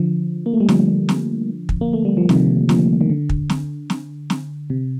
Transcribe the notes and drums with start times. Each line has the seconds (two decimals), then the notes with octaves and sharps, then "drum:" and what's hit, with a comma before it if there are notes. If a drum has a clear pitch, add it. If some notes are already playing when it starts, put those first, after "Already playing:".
Already playing: D3 F3
0.46 A#3
0.54 A3
0.60 G3
0.69 D3 F3, drum: snare
1.09 drum: snare
1.69 drum: kick
1.81 A#3
1.93 A3
2.05 G3
2.17 F3
2.29 C3 D#3, drum: snare
2.69 D3 F3, drum: snare
3.01 D#3
3.10 D3
3.29 drum: kick
3.50 drum: snare
3.90 drum: snare
4.30 drum: snare
4.70 C3